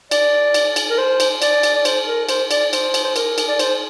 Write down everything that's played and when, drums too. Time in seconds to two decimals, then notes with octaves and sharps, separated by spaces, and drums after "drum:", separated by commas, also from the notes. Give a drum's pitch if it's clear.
0.11 D5, drum: cymbal
0.54 drum: cymbal
0.76 drum: cymbal
0.90 A#4
0.98 C5
1.20 drum: cymbal
1.42 D5, drum: cymbal
1.63 drum: cymbal
1.76 D5
1.85 C5, drum: cymbal
2.07 A#4
2.29 C5, drum: cymbal
2.51 D5, drum: cymbal
2.73 C5, drum: cymbal
2.94 drum: cymbal
3.05 C5
3.16 A#4, drum: cymbal
3.38 drum: cymbal
3.48 D5
3.59 C5, drum: cymbal